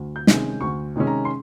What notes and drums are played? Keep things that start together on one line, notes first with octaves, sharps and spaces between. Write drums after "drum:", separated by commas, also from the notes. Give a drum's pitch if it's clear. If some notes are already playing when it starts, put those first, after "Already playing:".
Already playing: D2
G6
C3 D#3 G#3 C#4, drum: snare
D2 C#6
C3 D#3 G#3 C#4
A#5
C6